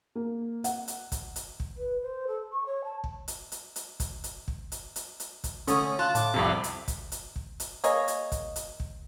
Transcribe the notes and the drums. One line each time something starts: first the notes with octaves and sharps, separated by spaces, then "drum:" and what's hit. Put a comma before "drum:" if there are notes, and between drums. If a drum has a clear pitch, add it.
A#3
F#5, drum: hi-hat
drum: hi-hat
drum: kick, hi-hat
drum: hi-hat
drum: kick
B4
C5
A4
C#6
C#5
A5
drum: kick
drum: hi-hat
drum: hi-hat
drum: hi-hat
drum: kick, hi-hat
drum: hi-hat
drum: kick
drum: hi-hat
drum: hi-hat
drum: hi-hat
drum: kick, hi-hat
D3 A3 C#4 D#6, drum: hi-hat
F4 A5 F#6
A2 D6, drum: hi-hat
C2 F2 C3
drum: hi-hat
drum: kick, hi-hat
drum: hi-hat
drum: kick
drum: hi-hat
A#3 G#4 C#5 D#5, drum: hi-hat
drum: hi-hat
drum: kick, hi-hat
drum: hi-hat
drum: kick